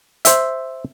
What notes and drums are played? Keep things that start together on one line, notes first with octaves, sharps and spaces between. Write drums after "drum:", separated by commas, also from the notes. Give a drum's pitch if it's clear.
C5 E5, drum: hi-hat